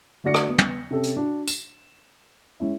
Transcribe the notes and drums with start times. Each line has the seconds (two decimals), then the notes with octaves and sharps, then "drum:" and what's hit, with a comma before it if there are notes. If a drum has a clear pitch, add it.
0.24 D3 A3 F#4 D5 A#6 C#7
0.34 drum: rim click
0.48 B3
0.58 drum: tom
0.90 C3 C#4 G4 A4
1.03 drum: hi-hat
1.16 D4 F#4
1.48 E7, drum: tambourine
2.60 G#3 C#4 E4